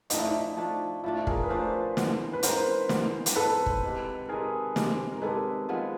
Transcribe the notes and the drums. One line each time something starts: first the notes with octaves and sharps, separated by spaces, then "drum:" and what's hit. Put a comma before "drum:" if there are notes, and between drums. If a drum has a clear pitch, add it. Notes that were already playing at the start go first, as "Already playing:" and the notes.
F3 A3 D4 D#4, drum: hi-hat
E4
D#4
F3 A3 D4
F3 A3 D4 E4
G#4 A#4, drum: kick
B4
F3 A3 D4 A#4 C5
E3 G#3 B3, drum: snare
B4
E3 G#3 B3 A#4 C5, drum: hi-hat
E3 G#3 B3, drum: snare
drum: hi-hat
E3 G#3 B3 A4 B4
drum: kick
C3 D#3 G#3
C3 D#3 G#3 G#4 A#4
C3 D#3 G#3, drum: snare
A#4
C3 D#3 G#3 A4 B4
F3 G#3 B3